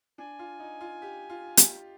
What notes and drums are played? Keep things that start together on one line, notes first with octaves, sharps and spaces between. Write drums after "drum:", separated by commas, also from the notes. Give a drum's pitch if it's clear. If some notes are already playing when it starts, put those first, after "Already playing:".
D4 G#5
F4
D#4
F4
G4
F4
G4, drum: hi-hat